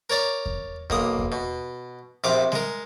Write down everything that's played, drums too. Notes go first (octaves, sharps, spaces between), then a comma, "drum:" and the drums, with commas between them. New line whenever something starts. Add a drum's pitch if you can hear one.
A#4 C#5 D5 A#5
drum: kick E2
B1 A#3 D#6, drum: kick E2
drum: kick E2
B2
A#1 C3 F5 D6
G#3 A#4, drum: snare G3